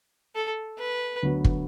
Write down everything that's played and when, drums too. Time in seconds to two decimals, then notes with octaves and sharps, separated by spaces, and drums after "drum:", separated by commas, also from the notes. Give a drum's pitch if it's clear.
0.36 A4
0.79 B4
1.23 D2 D3 F#3 B3 F#4
1.44 drum: kick